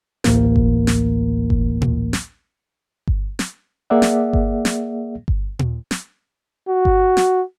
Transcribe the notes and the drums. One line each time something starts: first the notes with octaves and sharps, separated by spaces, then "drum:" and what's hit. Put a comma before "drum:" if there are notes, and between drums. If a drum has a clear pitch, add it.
A1 D2 A2 E3 A#3 A#4, drum: snare
drum: kick G1
drum: snare
drum: kick G1
drum: tom A#2
drum: snare
drum: kick G1
drum: snare
A#3 G#4 D5 E5 F#5
drum: snare
drum: kick G1
drum: snare
drum: kick G1
drum: tom A#2
drum: snare
F#4
drum: kick G1
drum: snare